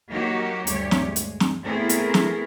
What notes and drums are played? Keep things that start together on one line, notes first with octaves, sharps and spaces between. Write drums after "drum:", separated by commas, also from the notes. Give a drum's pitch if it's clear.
F#3 A#3 D#4 F#4 G4
D2 G2 A3 G4 C#5, drum: hi-hat
drum: snare
G#3
drum: hi-hat
drum: snare
A3 B3 C4 E4 G#4 A#4
drum: hi-hat
drum: snare